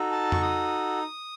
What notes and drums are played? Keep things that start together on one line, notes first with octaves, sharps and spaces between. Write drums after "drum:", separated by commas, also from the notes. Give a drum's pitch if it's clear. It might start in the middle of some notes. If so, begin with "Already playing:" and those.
Already playing: D#4 F#4 A4
A5
C#6, drum: tom F2
D#6